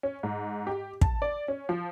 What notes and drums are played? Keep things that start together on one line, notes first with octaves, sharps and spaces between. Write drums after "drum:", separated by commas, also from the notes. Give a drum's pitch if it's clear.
C#4
G#2
G4
A5, drum: kick
D5
C#4
F3